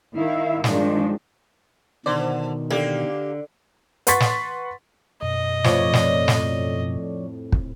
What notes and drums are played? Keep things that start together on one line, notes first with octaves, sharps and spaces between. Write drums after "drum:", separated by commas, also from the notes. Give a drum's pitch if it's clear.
D#3 E4 E5 F5
G2 D#3 F3 G#3 D4, drum: snare
B2 D3 D#3 C5 D5
D3 A#3 G4
B4 F#5 C6 C#6 A6 B6, drum: hi-hat
drum: snare
F#2 B2 D#5
F2 A2 F3 C#5 D5, drum: snare
drum: snare
drum: snare
drum: kick